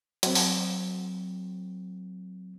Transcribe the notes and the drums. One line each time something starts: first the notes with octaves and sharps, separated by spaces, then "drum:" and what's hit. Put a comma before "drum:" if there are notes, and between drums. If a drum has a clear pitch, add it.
F#3 C4, drum: hi-hat
drum: open hi-hat